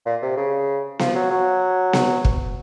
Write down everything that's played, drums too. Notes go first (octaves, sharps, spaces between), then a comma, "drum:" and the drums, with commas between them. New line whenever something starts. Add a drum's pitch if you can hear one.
A#2
C3
C#3
F3, drum: snare B3
F#3
F#3
drum: snare B3
drum: kick